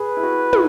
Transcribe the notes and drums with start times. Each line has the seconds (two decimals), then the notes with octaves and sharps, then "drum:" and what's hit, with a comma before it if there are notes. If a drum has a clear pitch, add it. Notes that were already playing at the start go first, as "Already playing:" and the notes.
Already playing: G#4 B4
0.17 E4
0.23 F#4
0.53 E4, drum: tom